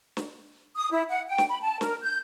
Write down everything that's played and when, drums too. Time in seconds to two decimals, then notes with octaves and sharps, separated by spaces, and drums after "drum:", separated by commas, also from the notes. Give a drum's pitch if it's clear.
0.17 drum: snare
0.76 D#6
0.91 E4
1.09 F#5
1.28 G5
1.38 drum: snare
1.49 B5
1.62 A5
1.81 A#4, drum: snare
2.02 G6